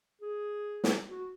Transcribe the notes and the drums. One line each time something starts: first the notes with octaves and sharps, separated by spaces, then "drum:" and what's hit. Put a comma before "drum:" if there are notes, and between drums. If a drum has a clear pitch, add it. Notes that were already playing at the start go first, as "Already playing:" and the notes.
G#4
drum: snare
F#4